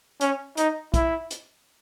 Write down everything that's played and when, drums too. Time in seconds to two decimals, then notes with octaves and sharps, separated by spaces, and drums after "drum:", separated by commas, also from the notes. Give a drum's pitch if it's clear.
0.21 C#4, drum: hi-hat
0.57 D#4, drum: hi-hat
0.94 E4, drum: kick, hi-hat
1.31 drum: hi-hat